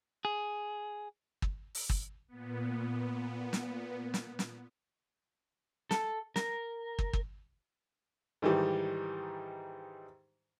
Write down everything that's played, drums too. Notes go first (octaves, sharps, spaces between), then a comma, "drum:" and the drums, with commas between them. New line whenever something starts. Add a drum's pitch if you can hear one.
G#4
drum: kick
drum: open hi-hat
drum: kick
A#2 B3
drum: snare
drum: snare
drum: snare
A4, drum: snare
A#4, drum: snare
drum: kick
drum: kick
G#2 D#3 E3 G3